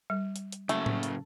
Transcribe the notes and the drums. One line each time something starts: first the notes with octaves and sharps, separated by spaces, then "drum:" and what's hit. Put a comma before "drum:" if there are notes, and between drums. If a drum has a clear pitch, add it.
G3
drum: hi-hat
drum: hi-hat
F#2 C#3 A3, drum: hi-hat
drum: tom A2
drum: hi-hat